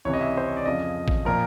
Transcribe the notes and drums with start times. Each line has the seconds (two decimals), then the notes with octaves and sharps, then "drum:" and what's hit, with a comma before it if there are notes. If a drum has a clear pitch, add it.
0.05 C#2 C3 E3 C#5
0.14 D#5
0.21 E5
0.37 C5
0.48 C#5
0.57 D5
0.65 F2 C#3 F3 D#5
1.08 drum: kick
1.25 A#2 F3 A#4